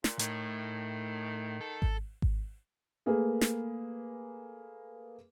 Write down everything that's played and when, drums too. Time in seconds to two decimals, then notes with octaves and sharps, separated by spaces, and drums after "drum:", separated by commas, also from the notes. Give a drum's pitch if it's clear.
0.04 A#2, drum: snare
0.19 A2 D#3, drum: hi-hat
1.61 A4
1.82 drum: kick G#1
2.22 drum: kick G#1
3.06 A3 A#3 G#4 A#4 B4
3.41 drum: snare